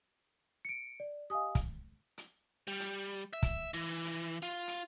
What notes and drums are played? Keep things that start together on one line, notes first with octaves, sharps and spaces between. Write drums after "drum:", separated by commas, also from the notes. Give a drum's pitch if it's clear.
C#7 D7
D5
G4 D#5 F5 G#5 D#6
drum: kick, hi-hat
drum: hi-hat
G3
drum: hi-hat
E5
drum: kick, hi-hat
E3
drum: hi-hat
F4
drum: hi-hat